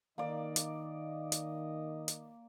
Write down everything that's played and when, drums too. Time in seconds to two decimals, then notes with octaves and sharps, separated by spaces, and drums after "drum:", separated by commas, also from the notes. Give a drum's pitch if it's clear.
0.18 D#3 A#3 D5 D#5
0.56 drum: hi-hat
1.32 drum: hi-hat
2.08 drum: hi-hat